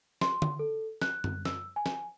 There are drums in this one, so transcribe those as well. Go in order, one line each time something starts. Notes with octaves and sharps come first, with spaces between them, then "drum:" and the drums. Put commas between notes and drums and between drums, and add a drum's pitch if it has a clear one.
C6, drum: snare
drum: tom
A4
F#6, drum: snare
drum: tom F#2
E6, drum: snare
G#5
drum: snare